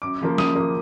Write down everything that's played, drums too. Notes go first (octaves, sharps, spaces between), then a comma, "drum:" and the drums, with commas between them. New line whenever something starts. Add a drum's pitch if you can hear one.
F#2 D6
C#3 F3 A#3
F#2 D#6, drum: snare
C#3 F3 A#3